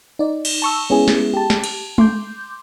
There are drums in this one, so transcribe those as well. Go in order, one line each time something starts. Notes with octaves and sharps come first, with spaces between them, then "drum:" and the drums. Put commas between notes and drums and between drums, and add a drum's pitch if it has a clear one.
D#4 D5
drum: cymbal
A5 C#6 E6
G#3 B3 C#4 E4 G#4
drum: snare
G4 A5
drum: snare
drum: cymbal
C6 D6 G6, drum: tom G#3